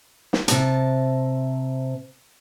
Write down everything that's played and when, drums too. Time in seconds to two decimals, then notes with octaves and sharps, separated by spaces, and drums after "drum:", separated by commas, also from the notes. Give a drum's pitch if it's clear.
0.33 drum: snare
0.48 C3 A5, drum: hi-hat